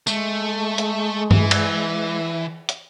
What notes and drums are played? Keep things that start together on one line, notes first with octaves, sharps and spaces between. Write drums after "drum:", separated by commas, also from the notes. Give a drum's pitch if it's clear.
G#3 A3, drum: tambourine
drum: hi-hat
E3, drum: tom G2
drum: cymbal
drum: hi-hat